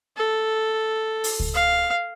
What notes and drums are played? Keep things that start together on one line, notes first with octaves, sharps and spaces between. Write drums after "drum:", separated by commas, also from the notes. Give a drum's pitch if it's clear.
A4
drum: open hi-hat
drum: kick C#2
F5